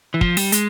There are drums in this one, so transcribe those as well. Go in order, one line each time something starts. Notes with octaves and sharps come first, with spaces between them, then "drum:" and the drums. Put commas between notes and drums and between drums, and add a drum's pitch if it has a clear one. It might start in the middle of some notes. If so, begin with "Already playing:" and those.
E3
F3, drum: kick
G3, drum: open hi-hat
G#3, drum: hi-hat